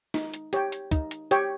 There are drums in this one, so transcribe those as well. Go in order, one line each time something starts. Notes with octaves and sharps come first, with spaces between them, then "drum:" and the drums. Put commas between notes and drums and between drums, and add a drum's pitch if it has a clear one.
D#4, drum: snare
drum: hi-hat
G4 C#5 G5, drum: hi-hat
drum: hi-hat
D#4, drum: kick, hi-hat
drum: hi-hat
G4 C#5 G5, drum: hi-hat